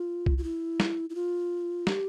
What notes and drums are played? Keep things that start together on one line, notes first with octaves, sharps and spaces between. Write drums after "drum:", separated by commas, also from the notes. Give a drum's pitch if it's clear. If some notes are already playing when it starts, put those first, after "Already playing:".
Already playing: F4
drum: kick C2
F4
E4
drum: snare
E4
F4
G4, drum: snare